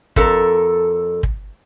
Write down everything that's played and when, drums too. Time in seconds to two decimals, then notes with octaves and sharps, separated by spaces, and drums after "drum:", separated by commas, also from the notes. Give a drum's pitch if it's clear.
0.16 F2 A4 A#4, drum: kick
1.23 drum: kick